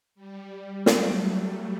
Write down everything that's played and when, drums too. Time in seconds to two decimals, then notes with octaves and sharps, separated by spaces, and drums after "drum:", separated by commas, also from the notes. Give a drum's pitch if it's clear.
0.15 G3
0.86 F#3 A3, drum: snare